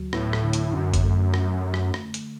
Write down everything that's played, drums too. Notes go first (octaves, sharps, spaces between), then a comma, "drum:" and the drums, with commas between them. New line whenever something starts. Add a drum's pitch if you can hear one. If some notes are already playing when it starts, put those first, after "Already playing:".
Already playing: D2 F#3
A2 B3, drum: rim click
drum: rim click
D3
drum: hi-hat
F#2 D3
drum: kick G#1, hi-hat
A3
drum: rim click
drum: rim click
drum: rim click
drum: hi-hat